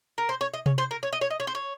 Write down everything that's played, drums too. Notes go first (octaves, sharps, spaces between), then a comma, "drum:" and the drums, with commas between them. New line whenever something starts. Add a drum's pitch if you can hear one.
A#4
C5
C#5
D#5
C#5, drum: tom C3
C5
A#4
C#5
D#5
C#5
D#5
C#5
C5
C#5